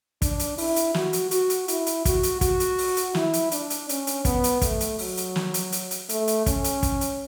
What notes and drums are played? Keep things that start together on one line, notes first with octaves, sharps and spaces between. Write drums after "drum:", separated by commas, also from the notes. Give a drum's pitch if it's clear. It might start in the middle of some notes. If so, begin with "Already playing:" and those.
D4, drum: kick, hi-hat
drum: hi-hat
E4, drum: open hi-hat
drum: hi-hat
F#4, drum: snare
drum: hi-hat
F#4, drum: hi-hat
drum: hi-hat
E4, drum: hi-hat
drum: hi-hat
F#4, drum: kick, hi-hat
drum: hi-hat
F#4, drum: kick, hi-hat
drum: hi-hat
drum: open hi-hat
drum: hi-hat
E4, drum: snare
drum: hi-hat
D4, drum: hi-hat
drum: hi-hat
C#4, drum: hi-hat
drum: hi-hat
B3, drum: kick, hi-hat
drum: hi-hat
A3, drum: kick, hi-hat
drum: hi-hat
F#3, drum: open hi-hat
drum: hi-hat
drum: snare
drum: hi-hat
drum: hi-hat
drum: hi-hat
A3, drum: hi-hat
drum: hi-hat
C#4, drum: kick, hi-hat
drum: hi-hat
drum: kick, hi-hat
drum: hi-hat